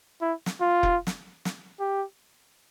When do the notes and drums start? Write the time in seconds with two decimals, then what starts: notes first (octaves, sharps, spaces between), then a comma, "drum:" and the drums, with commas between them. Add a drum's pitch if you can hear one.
0.21 E4
0.46 drum: snare
0.61 F4
0.83 drum: kick F1
1.07 drum: snare
1.45 drum: snare
1.80 G4